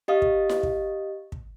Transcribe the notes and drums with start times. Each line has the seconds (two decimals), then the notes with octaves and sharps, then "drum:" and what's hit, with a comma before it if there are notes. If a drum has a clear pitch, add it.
0.08 G4 D#5 F5 D#6
0.22 drum: kick
0.49 drum: snare E4
0.63 drum: kick
1.32 drum: kick